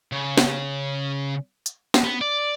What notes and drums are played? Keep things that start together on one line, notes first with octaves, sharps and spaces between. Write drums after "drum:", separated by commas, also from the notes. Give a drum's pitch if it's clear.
C#3
drum: snare
drum: hi-hat
drum: snare
B3
D5